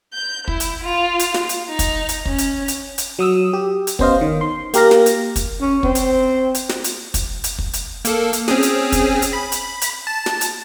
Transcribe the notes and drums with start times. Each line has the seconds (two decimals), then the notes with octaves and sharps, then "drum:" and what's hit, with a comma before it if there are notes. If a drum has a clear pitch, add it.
0.13 G6
0.48 E4, drum: kick
0.60 drum: hi-hat
0.83 F4
1.19 drum: hi-hat
1.34 drum: snare
1.49 drum: hi-hat
1.69 D#4
1.79 drum: kick, hi-hat
2.09 drum: hi-hat
2.26 C#4, drum: kick
2.38 drum: hi-hat
2.68 drum: hi-hat
2.98 drum: hi-hat
3.19 F#3 D#6 E6
3.53 G4
3.87 drum: hi-hat
3.99 B3 C#4 C5 D#5 F5, drum: kick
4.21 D#3
4.41 C6
4.74 A#3 G4 A#4 F5 A#6, drum: hi-hat
4.91 drum: snare
5.06 drum: hi-hat
5.36 drum: kick, hi-hat
5.61 C#4
5.83 C4, drum: kick
5.95 drum: hi-hat
6.55 drum: hi-hat
6.69 drum: snare
6.84 drum: hi-hat
7.14 drum: kick, hi-hat
7.44 drum: hi-hat
7.59 drum: kick
7.73 drum: hi-hat
8.05 A#3 A4, drum: hi-hat
8.33 drum: hi-hat
8.48 C4 C#4 G#4, drum: snare
8.63 drum: hi-hat
8.92 drum: kick, hi-hat
9.22 drum: hi-hat
9.33 B5
9.52 drum: hi-hat
9.82 drum: hi-hat
10.07 A5
10.26 drum: snare
10.41 drum: hi-hat